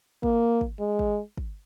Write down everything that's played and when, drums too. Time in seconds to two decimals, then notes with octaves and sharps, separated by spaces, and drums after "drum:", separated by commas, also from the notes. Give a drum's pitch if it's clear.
0.23 A#3, drum: kick
0.61 drum: kick
0.80 G#3
0.99 drum: kick
1.37 drum: kick